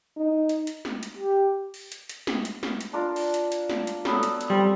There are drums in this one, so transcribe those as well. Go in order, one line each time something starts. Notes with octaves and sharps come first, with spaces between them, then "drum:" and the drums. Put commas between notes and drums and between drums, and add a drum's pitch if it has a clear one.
D#4
drum: hi-hat
drum: hi-hat
drum: snare
drum: hi-hat
G4
drum: open hi-hat
drum: hi-hat
drum: hi-hat
drum: snare
drum: hi-hat
drum: snare
drum: hi-hat
D4 F4 A#4
drum: open hi-hat
drum: hi-hat
drum: hi-hat
drum: snare
drum: hi-hat
F#3 B3 A4, drum: snare
drum: hi-hat
drum: hi-hat
G3 C4